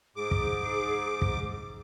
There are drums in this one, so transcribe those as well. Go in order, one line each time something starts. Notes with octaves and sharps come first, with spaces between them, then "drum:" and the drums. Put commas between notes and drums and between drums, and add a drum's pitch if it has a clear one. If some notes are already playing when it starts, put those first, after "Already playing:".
G#2 G#4 D6
drum: kick
drum: kick